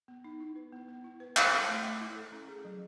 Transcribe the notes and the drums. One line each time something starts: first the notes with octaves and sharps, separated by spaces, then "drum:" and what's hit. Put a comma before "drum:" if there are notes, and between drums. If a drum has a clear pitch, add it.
B3
D#4
E4
B4
B3
B3
E4
B4
E4, drum: clap
A4
A3
A3
E4
A4
C#4
G#4
F#3